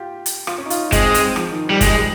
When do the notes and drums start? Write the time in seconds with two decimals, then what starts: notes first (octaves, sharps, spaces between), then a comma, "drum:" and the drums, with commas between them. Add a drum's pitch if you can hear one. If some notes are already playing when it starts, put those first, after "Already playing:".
Already playing: F4 G4
0.26 drum: hi-hat
0.47 F4, drum: rim click
0.58 C#4
0.66 D#4
0.70 F4, drum: hi-hat
0.92 G#3 C4, drum: kick, hi-hat
1.14 C4, drum: hi-hat
1.36 F3, drum: rim click
1.50 D#3
1.65 F3
1.70 G3
1.81 G3 G#3, drum: kick, hi-hat